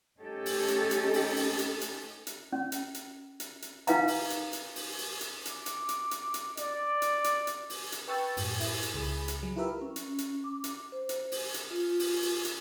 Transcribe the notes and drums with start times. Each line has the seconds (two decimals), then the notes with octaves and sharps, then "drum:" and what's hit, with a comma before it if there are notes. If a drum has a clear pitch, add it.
0.20 A3 C#4 D#4 G4 A4
0.46 drum: open hi-hat
0.68 drum: hi-hat
0.91 drum: hi-hat
1.14 drum: open hi-hat
1.36 drum: open hi-hat
1.59 drum: hi-hat
1.81 drum: hi-hat
2.27 drum: hi-hat
2.53 C#4
2.72 drum: hi-hat
2.95 drum: hi-hat
3.40 drum: hi-hat
3.62 drum: hi-hat
3.87 D#4 B4 F5 G#5 A#5, drum: hi-hat
4.08 drum: open hi-hat
4.30 drum: hi-hat
4.53 drum: hi-hat
4.75 drum: open hi-hat
4.98 drum: open hi-hat
5.21 drum: hi-hat
5.46 D6, drum: hi-hat
5.66 drum: hi-hat
5.89 drum: hi-hat
6.11 drum: hi-hat
6.34 drum: hi-hat
6.57 D5, drum: hi-hat
7.02 drum: hi-hat
7.24 drum: hi-hat
7.47 drum: hi-hat
7.70 drum: open hi-hat
7.92 drum: hi-hat
8.08 B4 G5 C#6 E6 F#6 A6
8.37 F#2 A2, drum: open hi-hat
8.60 E4, drum: open hi-hat
8.83 drum: hi-hat
8.94 C#2 G#4 B5
9.28 drum: hi-hat
9.43 F#3
9.56 E4 F4 G4 A#4 B4 E5
9.82 C#4
9.96 drum: hi-hat
10.18 drum: hi-hat
10.44 D6
10.64 drum: hi-hat
10.92 C5
11.09 drum: hi-hat
11.32 drum: open hi-hat
11.54 drum: hi-hat
11.71 F4
11.99 drum: open hi-hat
12.22 drum: open hi-hat
12.45 drum: hi-hat